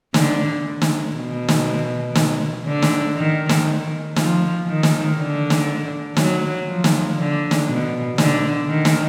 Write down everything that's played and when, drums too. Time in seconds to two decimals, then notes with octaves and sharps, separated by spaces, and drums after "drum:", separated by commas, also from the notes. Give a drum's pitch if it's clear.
0.14 D3, drum: snare
0.82 drum: snare
1.15 B2
1.48 drum: snare
2.15 drum: snare
2.66 D3
2.82 drum: snare
3.16 D#3
3.49 drum: snare
4.16 F3, drum: snare
4.67 D#3
4.83 drum: snare
5.17 D3
5.50 drum: snare
6.17 F#3, drum: snare
6.67 F3
6.84 drum: snare
7.18 D3
7.51 drum: snare
7.68 B2
8.18 D3, drum: snare
8.68 D#3
8.85 drum: snare